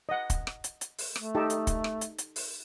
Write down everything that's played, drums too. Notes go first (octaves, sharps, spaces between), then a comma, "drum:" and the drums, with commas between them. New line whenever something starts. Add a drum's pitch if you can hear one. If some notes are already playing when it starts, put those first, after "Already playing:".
D#5 F#5
drum: kick, hi-hat
drum: rim click
drum: hi-hat
drum: hi-hat
drum: open hi-hat
A3, drum: rim click
D#4 G4 A4
drum: hi-hat
drum: kick, hi-hat
drum: rim click
drum: hi-hat
drum: hi-hat
drum: open hi-hat